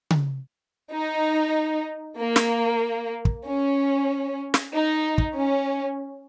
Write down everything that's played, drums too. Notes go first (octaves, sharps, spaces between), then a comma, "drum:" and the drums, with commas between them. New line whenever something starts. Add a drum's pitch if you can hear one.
drum: tom C#3
D#4
A#3
drum: snare
drum: kick
C#4
drum: snare
D#4
drum: kick
C#4